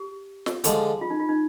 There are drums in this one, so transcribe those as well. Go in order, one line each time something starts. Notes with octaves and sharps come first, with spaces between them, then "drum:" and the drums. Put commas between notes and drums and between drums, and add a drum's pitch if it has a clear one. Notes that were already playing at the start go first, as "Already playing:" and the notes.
Already playing: G4
drum: snare
D3 F3 G#3 G4, drum: hi-hat
F4
D#4
F4
D#4